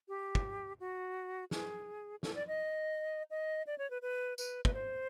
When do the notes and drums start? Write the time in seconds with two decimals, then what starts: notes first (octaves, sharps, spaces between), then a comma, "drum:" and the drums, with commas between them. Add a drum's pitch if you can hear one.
0.08 G4
0.35 drum: kick
0.80 F#4
1.51 G#4, drum: snare
2.23 A4, drum: snare
2.35 D5
2.48 D#5
3.30 D#5
3.67 D5
3.78 C#5
3.90 B4
4.02 B4
4.38 B4, drum: tambourine
4.65 B4, drum: kick
4.74 C5